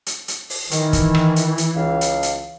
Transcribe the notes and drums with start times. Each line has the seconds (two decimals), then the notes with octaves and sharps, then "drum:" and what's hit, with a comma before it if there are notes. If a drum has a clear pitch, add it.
0.06 drum: hi-hat
0.28 drum: hi-hat
0.50 drum: open hi-hat
0.71 D#3 E3, drum: hi-hat
0.93 drum: kick, hi-hat
1.15 drum: rim click
1.36 drum: hi-hat
1.58 drum: hi-hat
1.75 C#2 F5
2.01 drum: hi-hat
2.23 drum: hi-hat